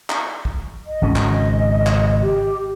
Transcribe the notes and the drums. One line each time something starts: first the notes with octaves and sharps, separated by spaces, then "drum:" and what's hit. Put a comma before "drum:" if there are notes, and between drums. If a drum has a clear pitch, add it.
drum: clap
drum: kick
D#5
G#1 C#3 C#4
drum: clap
drum: clap
G4